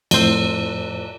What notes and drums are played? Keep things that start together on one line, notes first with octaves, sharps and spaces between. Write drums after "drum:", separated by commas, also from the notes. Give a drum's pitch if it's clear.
F2 A2 C5 E6, drum: cymbal